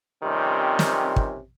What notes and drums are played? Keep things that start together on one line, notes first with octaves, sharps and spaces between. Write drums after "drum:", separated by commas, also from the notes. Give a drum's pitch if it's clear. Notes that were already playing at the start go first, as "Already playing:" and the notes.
F2 C3 D#3 G3 C4 C#4
drum: snare
drum: kick